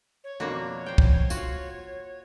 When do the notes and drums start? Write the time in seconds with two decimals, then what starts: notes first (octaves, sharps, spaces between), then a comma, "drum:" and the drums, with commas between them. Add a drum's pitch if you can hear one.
0.24 C#5
0.40 F2 B2 A#3 D4 F#4
0.86 C5 G5
0.98 drum: kick
1.30 F4 F#4, drum: tambourine